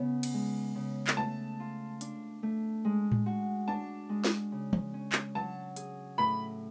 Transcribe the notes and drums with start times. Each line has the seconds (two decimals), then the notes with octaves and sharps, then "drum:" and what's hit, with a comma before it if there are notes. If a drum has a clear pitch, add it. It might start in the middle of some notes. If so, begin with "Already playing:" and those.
Already playing: C#3 B3
0.23 drum: cymbal
0.34 G#3
0.75 C#3
1.07 drum: clap
1.17 A3 A5
1.60 F4
2.01 D4, drum: hi-hat
2.43 A3
2.85 G#3
3.12 drum: tom A2
3.26 F#4
3.68 D4 A5
4.09 G#3
4.25 drum: snare
4.52 C#3
4.73 drum: tom E3
4.94 C#4
5.12 drum: clap
5.35 F#3 A5
5.76 G#4, drum: hi-hat
6.18 A2 B5